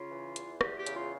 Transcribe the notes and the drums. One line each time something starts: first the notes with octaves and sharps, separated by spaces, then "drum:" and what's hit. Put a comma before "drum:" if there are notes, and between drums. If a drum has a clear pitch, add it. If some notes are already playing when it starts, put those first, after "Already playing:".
Already playing: C#3 F4
E3
E2, drum: hi-hat
E2 G4, drum: rim click
G4
C#3, drum: hi-hat
F4